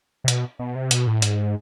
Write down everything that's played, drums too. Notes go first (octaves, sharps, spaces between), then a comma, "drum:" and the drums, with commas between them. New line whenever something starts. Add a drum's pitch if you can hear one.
C3
B2, drum: hi-hat
B2
C3
B2, drum: hi-hat
A2
G#2, drum: hi-hat